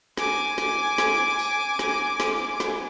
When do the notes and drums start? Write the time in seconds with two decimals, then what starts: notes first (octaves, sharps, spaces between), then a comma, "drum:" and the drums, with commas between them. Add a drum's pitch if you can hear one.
0.17 G#5 D6, drum: snare
0.58 drum: snare
0.98 drum: snare
1.39 drum: tambourine
1.79 drum: snare
2.20 drum: snare
2.60 drum: snare